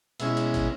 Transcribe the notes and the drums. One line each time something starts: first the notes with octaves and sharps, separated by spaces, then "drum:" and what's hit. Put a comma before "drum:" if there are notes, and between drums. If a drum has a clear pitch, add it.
B2 G#3 C#4 E4 E5, drum: hi-hat
drum: hi-hat
drum: kick, hi-hat